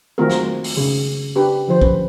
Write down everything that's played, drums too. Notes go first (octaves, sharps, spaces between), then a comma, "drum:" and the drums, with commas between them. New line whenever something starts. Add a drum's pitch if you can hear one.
D#3 A3 C4 F4 F#4 A#4
drum: snare
drum: open hi-hat
C#3 G#4
D4 G4 B4
D3 F3 C5
C#4 B4, drum: kick